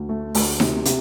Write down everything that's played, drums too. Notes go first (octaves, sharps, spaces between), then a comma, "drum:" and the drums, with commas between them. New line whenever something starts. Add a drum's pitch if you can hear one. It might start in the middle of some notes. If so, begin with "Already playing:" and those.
Already playing: D2
A3
D2, drum: open hi-hat
C3, drum: snare D#4
C3, drum: hi-hat